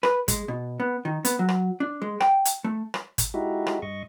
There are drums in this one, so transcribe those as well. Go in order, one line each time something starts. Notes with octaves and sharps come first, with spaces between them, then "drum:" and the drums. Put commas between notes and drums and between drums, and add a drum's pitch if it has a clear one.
B4, drum: rim click
G#3, drum: kick, hi-hat
B2
B3
D#3
B3, drum: hi-hat
F#3
drum: rim click
D4
G#3
G5, drum: rim click
drum: hi-hat
A3
drum: rim click
drum: kick, hi-hat
G#3 D#4 E4 F#4 G4
drum: rim click
G2 D#5 C#6